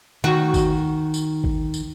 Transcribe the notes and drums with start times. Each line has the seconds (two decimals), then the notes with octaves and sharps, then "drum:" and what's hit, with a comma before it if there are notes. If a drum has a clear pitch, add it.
0.24 D#3 F#4
0.54 drum: kick G#1, tambourine
1.14 drum: tambourine
1.44 drum: kick G#1
1.74 drum: tambourine